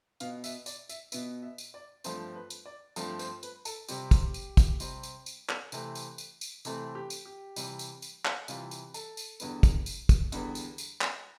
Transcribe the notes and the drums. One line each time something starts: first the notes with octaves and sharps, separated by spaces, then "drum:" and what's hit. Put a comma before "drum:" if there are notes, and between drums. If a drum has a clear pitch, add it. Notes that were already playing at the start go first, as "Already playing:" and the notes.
B2 B3 F5, drum: tambourine
E5, drum: tambourine
D5, drum: tambourine
E5, drum: tambourine
B2 B3 E5, drum: tambourine
E5
drum: tambourine
D5
G2 F3 A3 C4 C5, drum: tambourine
B4
drum: tambourine
D5
G2 F3 A3 C4, drum: tambourine
C5, drum: tambourine
B4, drum: tambourine
A4, drum: tambourine
C3 G3 C4 G4, drum: tambourine
drum: kick, tambourine
drum: tambourine
drum: kick, tambourine
C3 G3 C4, drum: tambourine
drum: tambourine
drum: tambourine
drum: clap
C3 E3 A3 C4, drum: tambourine
drum: tambourine
drum: tambourine
drum: tambourine
C3 E3 A3 C4, drum: tambourine
G4
drum: tambourine
G4
C3 E3 G3, drum: tambourine
drum: tambourine
drum: tambourine
drum: clap
C3 E3 G3 F4, drum: tambourine
drum: tambourine
A4, drum: tambourine
drum: tambourine
E2 D3 G3 B3, drum: tambourine
drum: kick, tambourine
drum: tambourine
drum: kick, tambourine
E2 D3 G3 B3, drum: tambourine
drum: tambourine
drum: tambourine
drum: clap